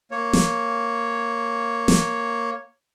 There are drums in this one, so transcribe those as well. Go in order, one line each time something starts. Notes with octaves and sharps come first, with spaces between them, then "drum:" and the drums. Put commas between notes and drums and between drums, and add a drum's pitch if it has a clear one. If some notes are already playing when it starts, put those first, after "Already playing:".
A#3 C#5
drum: snare
drum: snare